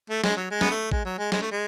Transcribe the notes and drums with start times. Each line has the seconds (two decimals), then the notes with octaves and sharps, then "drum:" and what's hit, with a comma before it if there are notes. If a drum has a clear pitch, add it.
0.10 A3
0.24 G#3, drum: snare
0.37 F#3
0.51 G#3
0.61 B3, drum: snare
0.71 A3
0.91 G#3, drum: kick
1.05 F#3
1.18 G#3
1.32 G#3, drum: snare
1.41 A3
1.51 G#3